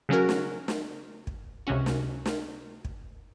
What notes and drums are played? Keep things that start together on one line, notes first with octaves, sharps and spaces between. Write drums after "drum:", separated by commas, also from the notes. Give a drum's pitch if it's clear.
C#3 F#3 C#4 F#4 A#4
drum: snare
drum: snare
drum: kick
C#2 C3 F#3 C#4 F#4
drum: snare
drum: snare
drum: kick